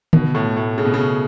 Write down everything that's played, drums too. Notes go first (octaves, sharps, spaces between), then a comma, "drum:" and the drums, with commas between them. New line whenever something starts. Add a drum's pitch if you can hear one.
B2, drum: tom D3
A2
A2
C#3
B2
C#3